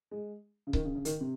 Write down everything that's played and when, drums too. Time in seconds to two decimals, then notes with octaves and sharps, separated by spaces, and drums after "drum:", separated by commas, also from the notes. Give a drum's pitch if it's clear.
0.11 G#3
0.67 C#3
0.73 D#3, drum: kick C#1
0.85 C#3
0.95 C#3
1.05 D#3, drum: hi-hat
1.21 C3